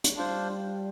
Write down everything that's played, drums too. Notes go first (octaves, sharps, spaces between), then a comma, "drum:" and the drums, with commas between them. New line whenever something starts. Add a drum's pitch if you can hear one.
drum: hi-hat
G3 D4 F4 C5